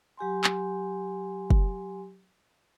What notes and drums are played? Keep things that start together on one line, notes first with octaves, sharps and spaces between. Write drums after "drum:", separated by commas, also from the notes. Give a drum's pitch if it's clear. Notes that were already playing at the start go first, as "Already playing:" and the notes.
F#3 G4 G#5 C6
drum: clap
drum: kick